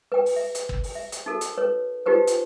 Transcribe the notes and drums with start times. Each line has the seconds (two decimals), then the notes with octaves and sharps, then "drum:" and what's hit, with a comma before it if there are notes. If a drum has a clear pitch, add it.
0.12 B4 G5
0.26 drum: open hi-hat
0.36 E5
0.55 drum: hi-hat
0.69 drum: kick
0.84 drum: open hi-hat
0.95 E5
1.12 drum: hi-hat
1.26 D#4 F#4 A4 A#4
1.41 drum: hi-hat
1.58 B4 C#5
2.06 D#4 F4 G4 B4 C5
2.27 drum: hi-hat